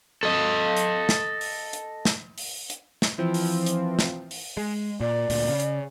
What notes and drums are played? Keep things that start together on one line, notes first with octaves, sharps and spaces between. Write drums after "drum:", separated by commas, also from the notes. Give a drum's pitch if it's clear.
A4 D#5
drum: hi-hat
drum: snare
drum: open hi-hat
drum: hi-hat
drum: snare
drum: open hi-hat
drum: hi-hat
drum: snare
E3 F3 C4
drum: open hi-hat
drum: hi-hat
drum: snare
drum: open hi-hat
G#3
A#2 D5
D2 A#2, drum: open hi-hat
C#3
drum: hi-hat